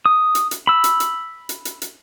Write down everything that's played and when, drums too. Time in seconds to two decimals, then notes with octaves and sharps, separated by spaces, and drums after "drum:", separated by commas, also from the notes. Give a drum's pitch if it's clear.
0.06 D#6
0.35 drum: hi-hat
0.51 drum: hi-hat
0.67 B5 E6
0.84 drum: hi-hat
1.00 drum: hi-hat
1.49 drum: hi-hat
1.65 drum: hi-hat
1.82 drum: hi-hat